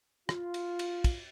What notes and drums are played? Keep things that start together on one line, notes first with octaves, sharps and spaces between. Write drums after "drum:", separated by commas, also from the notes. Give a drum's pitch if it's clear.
F4, drum: rim click
drum: cymbal
drum: cymbal
drum: kick, cymbal